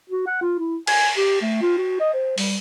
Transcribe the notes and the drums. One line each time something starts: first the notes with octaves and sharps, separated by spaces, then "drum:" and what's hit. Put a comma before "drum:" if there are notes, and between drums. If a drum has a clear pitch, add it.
F#4
F#5
F4
E4
G#5, drum: cymbal
G4
A3
F4
F#4
D#5
C5
G3, drum: open hi-hat